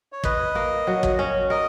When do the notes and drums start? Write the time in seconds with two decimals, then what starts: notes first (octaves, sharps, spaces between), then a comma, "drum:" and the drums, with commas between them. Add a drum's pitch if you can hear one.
0.12 C#5
0.24 B4 D#5, drum: kick
0.55 A#3
0.87 F#3
1.03 drum: kick
1.19 C#4
1.50 A#4 D#5